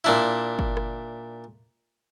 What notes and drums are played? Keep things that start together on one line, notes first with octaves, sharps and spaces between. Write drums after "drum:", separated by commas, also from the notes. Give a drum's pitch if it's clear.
A#2 D4 E4
drum: kick
drum: rim click